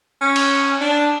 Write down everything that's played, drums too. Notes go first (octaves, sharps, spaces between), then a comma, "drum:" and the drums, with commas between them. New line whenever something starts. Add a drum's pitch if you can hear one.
C#4
drum: cymbal
D4